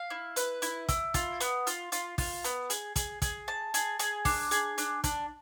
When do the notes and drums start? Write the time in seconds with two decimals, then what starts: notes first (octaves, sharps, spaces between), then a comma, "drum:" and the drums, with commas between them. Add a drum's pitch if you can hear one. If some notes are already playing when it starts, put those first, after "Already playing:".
Already playing: F5
0.10 E4
0.36 B4, drum: hi-hat
0.62 E4, drum: hi-hat
0.89 E4, drum: kick, hi-hat
1.14 F4, drum: kick, hi-hat
1.41 B3, drum: hi-hat
1.67 F4, drum: hi-hat
1.92 F4, drum: hi-hat
2.18 F4, drum: kick, open hi-hat
2.44 B3, drum: hi-hat
2.70 G#4, drum: hi-hat
2.96 G#4, drum: kick, hi-hat
3.22 G#4, drum: kick, hi-hat
3.48 A5
3.74 G#4, drum: hi-hat
3.99 G#4, drum: hi-hat
4.25 D4, drum: kick, open hi-hat
4.51 G#4, drum: hi-hat
4.78 D4, drum: hi-hat
5.04 D4, drum: kick, hi-hat